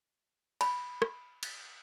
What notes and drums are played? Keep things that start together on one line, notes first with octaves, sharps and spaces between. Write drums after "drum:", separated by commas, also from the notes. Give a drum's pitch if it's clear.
B5, drum: cymbal
drum: rim click
drum: cymbal